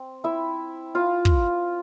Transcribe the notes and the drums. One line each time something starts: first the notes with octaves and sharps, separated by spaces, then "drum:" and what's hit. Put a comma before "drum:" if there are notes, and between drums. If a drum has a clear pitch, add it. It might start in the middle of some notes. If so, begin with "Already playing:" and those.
Already playing: C4
E4 E5
F4 F5
drum: kick